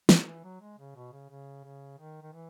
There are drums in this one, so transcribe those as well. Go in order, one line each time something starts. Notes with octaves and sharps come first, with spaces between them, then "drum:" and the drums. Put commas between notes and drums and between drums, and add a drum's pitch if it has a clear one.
F#3, drum: snare
E3
F#3
G#3
C#3
B2
C#3
C#3
C#3
D#3
D#3
E3